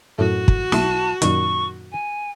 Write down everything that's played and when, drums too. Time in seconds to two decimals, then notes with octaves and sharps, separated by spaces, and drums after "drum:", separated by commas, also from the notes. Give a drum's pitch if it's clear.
0.19 F#2 A2 A3 F#4
0.48 drum: kick
0.72 B1 E4 A5, drum: snare
1.22 F#2 A#2 D#3 C#6, drum: hi-hat
1.92 G#5